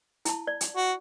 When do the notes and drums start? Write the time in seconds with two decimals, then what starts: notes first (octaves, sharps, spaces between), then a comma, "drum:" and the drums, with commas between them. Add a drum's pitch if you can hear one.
0.25 E4 A5, drum: hi-hat
0.47 D5
0.61 drum: hi-hat
0.76 F#4